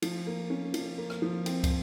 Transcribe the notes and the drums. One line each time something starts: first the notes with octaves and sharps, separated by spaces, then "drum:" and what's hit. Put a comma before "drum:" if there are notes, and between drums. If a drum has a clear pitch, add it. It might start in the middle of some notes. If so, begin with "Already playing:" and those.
F3, drum: cymbal
A#3
C#4
F3, drum: cymbal
A#3
drum: rim click
F3
C4, drum: cymbal
drum: kick, cymbal